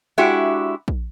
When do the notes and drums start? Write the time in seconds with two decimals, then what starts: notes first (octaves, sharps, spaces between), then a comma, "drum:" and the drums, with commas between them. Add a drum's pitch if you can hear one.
0.18 G#3 D4 E4 F#4 G4
0.88 drum: kick A#1